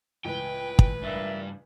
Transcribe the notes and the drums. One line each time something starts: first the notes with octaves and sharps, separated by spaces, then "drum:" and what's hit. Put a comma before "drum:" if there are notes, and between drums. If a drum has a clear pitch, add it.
C#2 A2 E3 B4 G5
drum: kick
G2 A#4 D5 E5